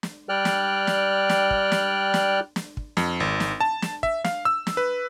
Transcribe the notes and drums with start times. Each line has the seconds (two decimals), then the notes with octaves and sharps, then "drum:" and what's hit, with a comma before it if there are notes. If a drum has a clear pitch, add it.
0.03 drum: snare
0.29 G3 D5 G5 F6 F#6
0.45 drum: snare
0.87 drum: snare
1.29 drum: snare
1.51 drum: kick
1.72 drum: snare
2.14 drum: snare
2.56 drum: snare
2.77 drum: kick
2.97 F2, drum: snare
3.20 G#1
3.40 drum: snare
3.61 A5
3.82 drum: snare
4.03 E5, drum: kick
4.24 F5, drum: snare
4.45 E6
4.67 drum: snare
4.77 B4